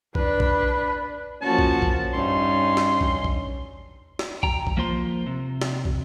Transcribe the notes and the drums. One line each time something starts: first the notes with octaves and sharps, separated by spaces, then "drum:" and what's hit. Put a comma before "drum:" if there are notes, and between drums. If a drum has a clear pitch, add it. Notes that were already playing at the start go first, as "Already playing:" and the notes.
D4 B4, drum: kick
drum: kick
F3 A#3 C#4 F#4 A5
drum: kick
drum: kick
G2 C#4 D#4 C6
drum: snare
drum: kick
drum: kick
drum: snare
G5 A#5, drum: kick
drum: kick
F3 A#3 F4 C5 C6
C3
drum: snare
drum: kick